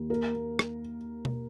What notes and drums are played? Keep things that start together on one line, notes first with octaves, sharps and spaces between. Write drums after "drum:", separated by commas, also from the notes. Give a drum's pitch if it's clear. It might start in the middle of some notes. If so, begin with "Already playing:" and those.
Already playing: D#2
A#3 A#4
A#3
drum: rim click
drum: tom B2